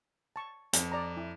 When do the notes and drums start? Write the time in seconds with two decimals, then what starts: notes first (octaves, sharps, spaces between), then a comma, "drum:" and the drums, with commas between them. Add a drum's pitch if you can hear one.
0.36 A5 C#6
0.73 F2, drum: hi-hat
0.92 D5 A#5
1.17 E4